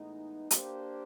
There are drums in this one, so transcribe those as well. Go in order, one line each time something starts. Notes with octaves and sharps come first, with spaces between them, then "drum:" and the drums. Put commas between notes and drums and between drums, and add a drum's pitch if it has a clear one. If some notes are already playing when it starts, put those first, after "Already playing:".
Already playing: A2 E3 G#3 B3 D#4
A#3 D4 G4 C5, drum: hi-hat